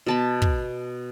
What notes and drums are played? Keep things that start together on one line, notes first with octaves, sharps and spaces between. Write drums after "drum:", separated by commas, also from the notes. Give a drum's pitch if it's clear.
B2 A5 B5
drum: kick